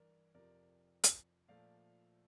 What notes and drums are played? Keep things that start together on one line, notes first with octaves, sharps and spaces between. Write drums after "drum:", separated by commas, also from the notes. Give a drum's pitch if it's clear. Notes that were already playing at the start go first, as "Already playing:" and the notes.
Already playing: G2 E3 A#4 D5
F2 C3 F3 A#4 D5
drum: hi-hat
A#2 F3 A3 D5 F5